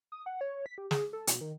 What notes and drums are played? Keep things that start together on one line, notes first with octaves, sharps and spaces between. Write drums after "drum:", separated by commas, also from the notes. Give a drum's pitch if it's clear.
D#6
F#5
C#5
B6
G4
G#4, drum: snare
A4
B2, drum: hi-hat
D#3